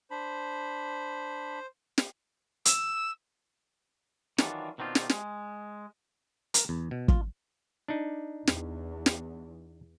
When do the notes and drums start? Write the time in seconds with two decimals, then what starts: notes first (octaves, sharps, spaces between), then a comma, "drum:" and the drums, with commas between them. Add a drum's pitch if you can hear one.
0.11 D4 C5 B5
1.98 drum: snare
2.65 E6, drum: hi-hat
4.38 D#3 E3 F#3 D4 F4, drum: snare
4.78 B2 D#3 C4 D4 F4
4.95 drum: snare
5.09 G#3, drum: snare
6.54 A#4, drum: hi-hat
6.69 E2
6.91 B2
7.08 F4, drum: kick
7.88 D4 D#4
8.47 E2, drum: snare
9.06 drum: snare